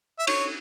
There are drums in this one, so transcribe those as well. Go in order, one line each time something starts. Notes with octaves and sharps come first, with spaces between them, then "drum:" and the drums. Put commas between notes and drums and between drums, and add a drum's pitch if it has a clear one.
E5
C#5, drum: cymbal